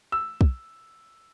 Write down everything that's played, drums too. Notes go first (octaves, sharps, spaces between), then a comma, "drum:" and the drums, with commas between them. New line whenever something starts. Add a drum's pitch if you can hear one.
E6
drum: kick